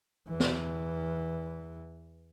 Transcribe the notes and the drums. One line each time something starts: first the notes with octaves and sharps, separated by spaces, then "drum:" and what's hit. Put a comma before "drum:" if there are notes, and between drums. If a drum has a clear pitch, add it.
E2 E3
drum: snare